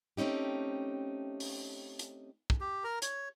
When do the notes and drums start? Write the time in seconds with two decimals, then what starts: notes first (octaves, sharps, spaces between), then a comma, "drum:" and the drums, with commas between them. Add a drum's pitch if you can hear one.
0.17 A3 C4 C#4 D#4 G4
1.40 drum: open hi-hat
1.99 drum: hi-hat
2.50 drum: kick
2.60 G4
2.84 A#4 A#5
3.02 C#5, drum: hi-hat